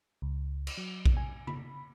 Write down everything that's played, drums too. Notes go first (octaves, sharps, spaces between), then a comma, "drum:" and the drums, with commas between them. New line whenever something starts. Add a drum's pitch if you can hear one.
C#2
drum: cymbal
F#3
drum: kick A#1
G#5
B5, drum: tom